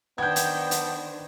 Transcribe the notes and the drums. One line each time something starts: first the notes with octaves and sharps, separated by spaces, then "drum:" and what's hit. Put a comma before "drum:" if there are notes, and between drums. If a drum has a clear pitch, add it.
D#3 B3 D4 C5 G5 G6 G#6
drum: hi-hat
drum: hi-hat